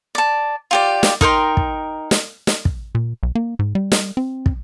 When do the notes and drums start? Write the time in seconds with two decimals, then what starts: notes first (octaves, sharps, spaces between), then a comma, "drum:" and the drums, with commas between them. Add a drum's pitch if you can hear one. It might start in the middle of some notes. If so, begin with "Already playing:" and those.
0.15 D5 A5
0.71 F4 G4 D5
1.03 drum: snare
1.21 D#4 A#4 G5 C6, drum: kick
1.57 drum: kick
2.11 drum: snare
2.47 drum: snare
2.65 drum: kick
2.95 A#2
3.23 B1
3.35 A#3
3.59 G#2
3.75 G3
3.92 drum: snare
4.17 C4
4.46 drum: kick